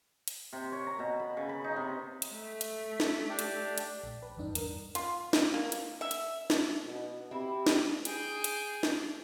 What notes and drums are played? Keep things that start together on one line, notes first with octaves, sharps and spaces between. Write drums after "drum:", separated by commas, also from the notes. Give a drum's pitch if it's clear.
drum: hi-hat
C3
C#5
A#5
B2
B5
C#3
B5
D#4
C3
drum: hi-hat
A3
drum: hi-hat
drum: snare
D4 G4 D5
drum: hi-hat
drum: hi-hat
A#1
B4
A1 E2 G2 D4 D#4
E2 G2 A#4, drum: hi-hat
F4, drum: hi-hat
drum: snare
A#3
drum: hi-hat
E5
drum: hi-hat
drum: snare
B2
C4 E4 G4
drum: snare
G#4 G5, drum: hi-hat
drum: hi-hat
drum: snare